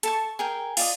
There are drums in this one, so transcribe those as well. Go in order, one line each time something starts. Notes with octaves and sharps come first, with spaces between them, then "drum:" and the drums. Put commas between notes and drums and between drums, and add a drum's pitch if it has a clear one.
A4 A5 C#6, drum: hi-hat
G#4 A#4 G5
F4 D5 D#5, drum: open hi-hat